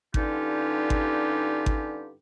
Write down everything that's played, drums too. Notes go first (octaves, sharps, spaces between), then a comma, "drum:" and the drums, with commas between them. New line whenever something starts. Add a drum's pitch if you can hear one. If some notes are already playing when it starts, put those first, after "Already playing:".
G2 D3 C#4 D#4 F4 G4, drum: kick G#1
drum: kick G#1
drum: kick G#1